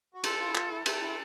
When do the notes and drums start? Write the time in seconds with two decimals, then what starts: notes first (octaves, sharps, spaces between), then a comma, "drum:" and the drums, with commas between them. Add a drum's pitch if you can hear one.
0.14 F#4
0.24 F4 A4, drum: cymbal
0.39 F4
0.48 E4
0.55 F4, drum: clap
0.70 E4
0.86 E4 A4, drum: cymbal
1.01 E4